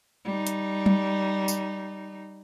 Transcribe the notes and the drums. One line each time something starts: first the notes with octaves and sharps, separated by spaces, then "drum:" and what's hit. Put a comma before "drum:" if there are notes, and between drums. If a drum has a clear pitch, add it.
G3 D#4
drum: hi-hat
drum: tom F#3
drum: tambourine